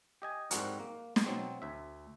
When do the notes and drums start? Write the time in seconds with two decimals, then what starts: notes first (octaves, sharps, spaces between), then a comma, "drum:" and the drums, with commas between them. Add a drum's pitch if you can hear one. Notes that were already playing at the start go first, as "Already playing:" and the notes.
0.22 G4 D#5 G#5
0.51 G#2 G3 C4 F#4 A#4, drum: hi-hat
0.80 A#3
1.16 drum: snare
1.26 B2 F#3 C4
1.62 D2 E5